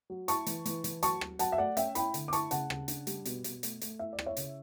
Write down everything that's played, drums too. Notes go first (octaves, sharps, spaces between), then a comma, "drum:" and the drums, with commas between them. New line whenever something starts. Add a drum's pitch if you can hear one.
F#3
E4 A5 C#6, drum: hi-hat
E3, drum: hi-hat
E3, drum: hi-hat
E3, drum: hi-hat
F#3 A5 C#6, drum: hi-hat
F#3, drum: rim click
F#3 F#5 A5, drum: hi-hat
E5
A3 D5 F#5
C#4 E5 G5, drum: hi-hat
E4 G5 B5, drum: hi-hat
D3, drum: hi-hat
D6
E4 A5 C#6, drum: hi-hat
C#3 F#5 A5, drum: hi-hat
C#3, drum: rim click
D4, drum: hi-hat
G3, drum: hi-hat
B2, drum: hi-hat
B2, drum: hi-hat
A3, drum: hi-hat
A3, drum: hi-hat
E4 E5
D5
E4, drum: rim click
C#5 E5
C#3, drum: hi-hat